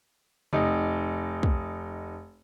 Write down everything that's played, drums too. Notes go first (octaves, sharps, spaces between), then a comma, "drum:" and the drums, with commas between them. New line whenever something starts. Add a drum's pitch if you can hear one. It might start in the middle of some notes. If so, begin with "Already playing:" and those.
F1 D#4, drum: tom C3
drum: kick